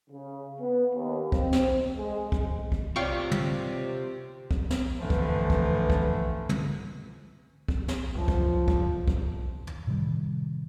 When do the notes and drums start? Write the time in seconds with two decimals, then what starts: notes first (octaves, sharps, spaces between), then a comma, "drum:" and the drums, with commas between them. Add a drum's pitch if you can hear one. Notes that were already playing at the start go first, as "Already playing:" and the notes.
0.10 C#3
0.59 B3
0.94 D#2
1.32 C4, drum: kick
1.53 drum: snare
1.97 G#3
2.32 drum: kick
2.72 drum: kick
2.96 C3 F4 C#5 D5 F5 G5 C#6
3.31 drum: tom
4.51 drum: kick
4.70 drum: snare
5.00 G2 D3 E3 F3 A3
5.10 drum: kick
5.50 drum: kick
5.90 drum: kick
6.49 drum: tom
7.68 drum: kick
7.88 drum: snare
8.15 C#2 F#2 F3
8.28 drum: kick
8.68 drum: kick
9.08 drum: kick
9.67 drum: tom
9.87 A2 C3 D#3 G3